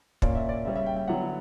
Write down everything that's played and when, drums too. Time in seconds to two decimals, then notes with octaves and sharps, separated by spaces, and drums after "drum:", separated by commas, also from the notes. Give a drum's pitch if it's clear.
0.22 A#2 A#3 C#4 D5, drum: kick
0.35 E5
0.49 D5
0.65 C#3 G3 C#4 E5
0.75 E5
0.86 G5
0.96 G5
1.08 D3 F#3 B3 F#5